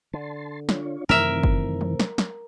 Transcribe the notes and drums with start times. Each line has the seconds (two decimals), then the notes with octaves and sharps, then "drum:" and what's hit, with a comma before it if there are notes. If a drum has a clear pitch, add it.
0.13 D3 A5 C6
0.69 D4 F4 C#5, drum: snare
1.09 F#2 C3 D#3 E3 A3 C4 A#4 E5
1.43 drum: kick
1.81 drum: tom
2.00 drum: snare
2.18 drum: snare